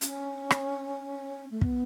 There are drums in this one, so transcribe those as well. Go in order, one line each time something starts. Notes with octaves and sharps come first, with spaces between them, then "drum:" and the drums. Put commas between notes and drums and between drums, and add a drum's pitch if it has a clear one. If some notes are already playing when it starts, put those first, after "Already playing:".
C#4, drum: hi-hat
drum: rim click
A3
B3, drum: kick